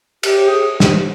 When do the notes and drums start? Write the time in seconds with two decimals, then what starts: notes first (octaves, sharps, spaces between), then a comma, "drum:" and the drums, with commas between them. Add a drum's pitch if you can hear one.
0.23 G4, drum: cymbal
0.48 G#4
0.80 drum: snare